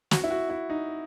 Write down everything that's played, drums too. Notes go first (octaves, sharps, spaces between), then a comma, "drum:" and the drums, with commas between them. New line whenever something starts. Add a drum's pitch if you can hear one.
F#4, drum: snare
E4
F#4
E4
D#4